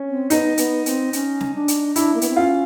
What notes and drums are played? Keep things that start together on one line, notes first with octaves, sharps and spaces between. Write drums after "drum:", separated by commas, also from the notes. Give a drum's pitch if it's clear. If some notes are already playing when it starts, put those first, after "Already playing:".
Already playing: C#4
C4
B3 D#4, drum: hi-hat
B3, drum: hi-hat
C4, drum: hi-hat
C#4, drum: hi-hat
drum: snare
D4
drum: hi-hat
D4 E4, drum: hi-hat
A#3
B3, drum: hi-hat
C4
C#4 F4